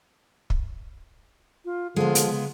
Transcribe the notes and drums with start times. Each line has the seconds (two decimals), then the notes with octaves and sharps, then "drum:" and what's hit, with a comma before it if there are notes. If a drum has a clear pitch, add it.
0.50 drum: kick
1.65 F4
1.96 D3 F3 G#3 B3
2.15 drum: hi-hat
2.32 C#3